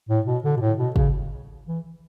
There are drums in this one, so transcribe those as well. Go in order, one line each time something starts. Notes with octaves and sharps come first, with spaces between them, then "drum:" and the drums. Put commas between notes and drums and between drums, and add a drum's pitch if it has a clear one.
A2
B2
D3
B2
A2
B2
C#3, drum: kick
E3